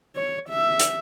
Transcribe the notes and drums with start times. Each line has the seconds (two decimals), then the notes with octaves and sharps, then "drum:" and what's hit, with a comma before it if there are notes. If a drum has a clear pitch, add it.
0.15 C#5
0.49 E5
0.79 drum: hi-hat